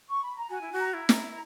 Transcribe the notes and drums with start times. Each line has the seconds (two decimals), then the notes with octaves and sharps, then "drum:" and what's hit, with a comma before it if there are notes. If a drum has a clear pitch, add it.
0.08 C#6
0.22 B5
0.36 A#5
0.50 F#4 G#5
0.61 E4
0.72 F#4
0.79 A#5
0.94 E4
1.09 A#5, drum: snare